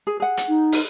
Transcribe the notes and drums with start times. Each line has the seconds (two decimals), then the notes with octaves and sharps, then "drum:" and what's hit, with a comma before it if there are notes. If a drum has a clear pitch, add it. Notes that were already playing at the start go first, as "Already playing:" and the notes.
0.07 G#4
0.20 G#4 F#5
0.37 drum: hi-hat
0.48 D#4
0.72 drum: open hi-hat